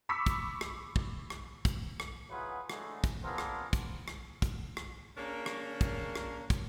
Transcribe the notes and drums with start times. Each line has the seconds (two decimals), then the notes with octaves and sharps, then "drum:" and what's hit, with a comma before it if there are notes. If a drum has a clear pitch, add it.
0.09 B5 C#6 D6 E6 B6
0.26 drum: kick, hi-hat
0.61 drum: rim click
0.96 drum: kick
1.30 drum: rim click
1.65 drum: kick, hi-hat
2.00 drum: rim click
2.30 E3 F#3 B3 F4 G#4 B4
2.70 D3 F#3 G#3 A3, drum: rim click
3.04 drum: kick, hi-hat
3.24 B3 C4 D4 F4 G#4 A#4
3.38 drum: rim click
3.73 drum: kick, hi-hat
4.08 drum: rim click
4.42 drum: kick, hi-hat
4.77 drum: rim click
5.18 A#3 C#4 D4 G#4 A#4
5.46 drum: rim click
5.81 drum: kick, hi-hat
6.15 drum: rim click
6.50 drum: kick, hi-hat